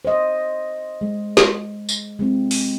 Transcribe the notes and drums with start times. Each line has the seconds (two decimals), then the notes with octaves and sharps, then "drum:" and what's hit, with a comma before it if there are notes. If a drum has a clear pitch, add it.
0.05 C5 D#5
1.01 G#3
1.37 drum: snare
1.89 drum: tambourine
2.19 G#3 C4 F4
2.51 drum: open hi-hat